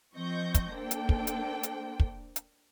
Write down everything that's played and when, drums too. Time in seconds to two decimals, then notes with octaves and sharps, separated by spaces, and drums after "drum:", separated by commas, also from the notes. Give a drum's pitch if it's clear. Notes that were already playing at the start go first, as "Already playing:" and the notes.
0.15 F3 C4 D#5 C#6 G6 A#6
0.55 drum: kick, hi-hat
0.73 A#3 D4 A4 C5 G5
0.91 drum: hi-hat
1.09 drum: kick
1.27 drum: hi-hat
1.63 drum: hi-hat
2.00 drum: kick
2.36 drum: hi-hat